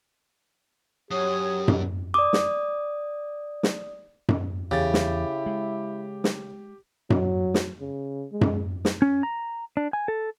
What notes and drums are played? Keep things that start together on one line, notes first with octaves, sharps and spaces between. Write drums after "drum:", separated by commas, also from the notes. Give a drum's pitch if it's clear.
F#2 G4 C#5 D#6
drum: tom F#2
D5 D6 D#6
drum: snare
drum: snare
drum: tom F#2
E2 C#3 E3 E4 G4 A6
drum: snare
G#3
drum: snare
F#3, drum: tom F#2
drum: snare
C#3
G#3
drum: tom F#2
drum: snare
C#4
A#5
D4
G#5
A4